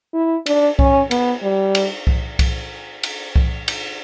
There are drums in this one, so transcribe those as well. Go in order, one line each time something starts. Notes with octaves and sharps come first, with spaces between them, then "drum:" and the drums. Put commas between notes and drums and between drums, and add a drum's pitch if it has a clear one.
E4
D4, drum: cymbal
C#4, drum: kick C2
B3, drum: cymbal
G3
drum: cymbal
drum: kick C2
drum: kick C2, cymbal
drum: cymbal
drum: kick C2
drum: cymbal